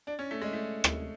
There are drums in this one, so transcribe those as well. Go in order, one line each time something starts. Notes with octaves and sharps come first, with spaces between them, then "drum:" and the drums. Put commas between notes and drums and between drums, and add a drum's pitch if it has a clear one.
D4
C#4
A3
G#3
A3
drum: rim click